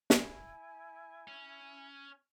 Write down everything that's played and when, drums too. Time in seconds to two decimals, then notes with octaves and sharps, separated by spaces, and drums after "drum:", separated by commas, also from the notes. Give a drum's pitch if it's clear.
0.10 E4 G#5, drum: snare
1.28 C#4